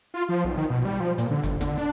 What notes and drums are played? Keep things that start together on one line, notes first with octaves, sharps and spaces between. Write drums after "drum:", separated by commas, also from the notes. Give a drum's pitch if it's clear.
F4
F3
B1
D#3
B2
G3
F3
A#2, drum: hi-hat
D3
G1, drum: tom E2
D3, drum: snare
D4